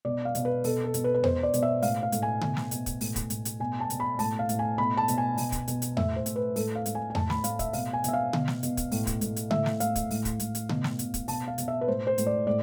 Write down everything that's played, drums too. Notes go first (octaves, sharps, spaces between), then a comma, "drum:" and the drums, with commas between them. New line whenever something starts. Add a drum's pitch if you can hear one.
B2 D5
F5
B2, drum: hi-hat
B4
B2 A4, drum: open hi-hat
A4
B2, drum: hi-hat
B4
B4
B2 C5, drum: tom E2
D5
B2, drum: hi-hat
E5
A2 F5, drum: open hi-hat
F5
A2, drum: hi-hat
G#5
B2, drum: tom C#3
drum: snare
B2, drum: hi-hat
drum: kick, hi-hat
A2, drum: open hi-hat
drum: kick, hi-hat
A2, drum: hi-hat
drum: hi-hat
B2 G#5
A5
B2, drum: hi-hat
B5
A2 A5, drum: open hi-hat
F5
A2, drum: hi-hat
G#5
B2 B5
A5
B2, drum: hi-hat
G#5
B2, drum: open hi-hat
drum: kick, hi-hat
B2, drum: hi-hat
drum: hi-hat
A2 E5, drum: tom E2
C5
A2, drum: hi-hat
B4
A2 A4, drum: open hi-hat
F5
A2, drum: hi-hat
G#5
G#5
A2 A5, drum: tom E2
B5, drum: snare
A2 F5, drum: hi-hat
E5, drum: kick, hi-hat
B2 F5, drum: open hi-hat
G#5
B2 E5, drum: hi-hat
F5
B2, drum: tom C#3
drum: snare
B2, drum: hi-hat
drum: kick, hi-hat
A2, drum: open hi-hat
drum: kick, hi-hat
A2, drum: hi-hat
drum: hi-hat
A2 E5, drum: tom C#3
drum: snare
A2 F5, drum: hi-hat
drum: kick, hi-hat
A2, drum: open hi-hat
drum: kick, hi-hat
A2, drum: hi-hat
drum: hi-hat
B2, drum: tom C#3
drum: snare
B2, drum: hi-hat
drum: kick, hi-hat
B2 A5, drum: open hi-hat
F5
B2, drum: hi-hat
E5
B4
A2 C5
C5
A2, drum: hi-hat
D5
A2 D5